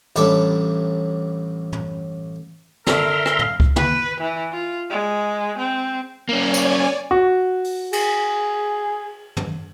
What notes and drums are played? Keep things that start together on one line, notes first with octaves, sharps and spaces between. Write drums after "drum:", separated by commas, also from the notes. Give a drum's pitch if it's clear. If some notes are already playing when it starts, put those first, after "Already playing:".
A1 A2 G3 D4 A4, drum: hi-hat
drum: tom
D3 A#4 E5 A#5 C6, drum: snare
drum: rim click
F5, drum: tom
drum: kick C#2
B4, drum: tom
E3
F4
G#3
C4
A#3 C#4 C#5 D5 G#5
drum: tambourine
F#4
drum: open hi-hat
G#4, drum: cymbal
drum: tom